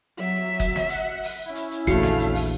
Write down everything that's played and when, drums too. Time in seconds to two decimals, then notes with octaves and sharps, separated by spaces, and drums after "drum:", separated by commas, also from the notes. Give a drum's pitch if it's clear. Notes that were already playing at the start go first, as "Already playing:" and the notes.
0.19 F#3 E5
0.60 drum: kick F#1, hi-hat
0.76 drum: snare
0.89 F#5, drum: hi-hat
1.23 drum: open hi-hat
1.45 C#4 E4
1.55 drum: hi-hat
1.71 drum: hi-hat
1.87 A#1 E2 A3 F#4 F5 C7 C#7, drum: kick F#1, hi-hat
2.03 drum: snare
2.19 drum: hi-hat
2.35 drum: open hi-hat